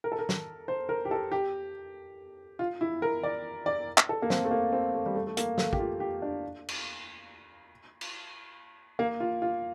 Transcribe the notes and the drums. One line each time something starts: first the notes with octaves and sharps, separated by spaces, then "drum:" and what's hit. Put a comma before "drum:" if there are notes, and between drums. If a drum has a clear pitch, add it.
A#4
A4
A#4
drum: snare
C5
A#4
G4
A4
G4
F4
E4
A#4
D5
D5
drum: clap
A4
A#3
C4, drum: snare
A3
A#3
C4
A3
G3
A3
A3
A#3, drum: hi-hat
A3, drum: snare
G4, drum: kick
F4
G4
D4
drum: cymbal
drum: cymbal
A#3
F4
F4